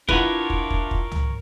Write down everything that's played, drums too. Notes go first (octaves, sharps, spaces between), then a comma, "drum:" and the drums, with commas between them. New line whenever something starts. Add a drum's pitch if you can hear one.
D4 E4 F4 A#4 B4 C#5 F#5, drum: kick
drum: kick
drum: kick
drum: kick
drum: tom